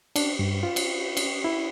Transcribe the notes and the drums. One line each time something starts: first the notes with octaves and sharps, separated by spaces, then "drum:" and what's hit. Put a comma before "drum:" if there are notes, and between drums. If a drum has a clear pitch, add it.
D4, drum: cymbal
G2
F4
drum: cymbal
drum: cymbal
E4